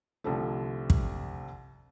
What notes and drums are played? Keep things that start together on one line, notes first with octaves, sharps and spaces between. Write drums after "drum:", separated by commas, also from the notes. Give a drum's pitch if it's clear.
C2 D3 F3 G3 A3
drum: kick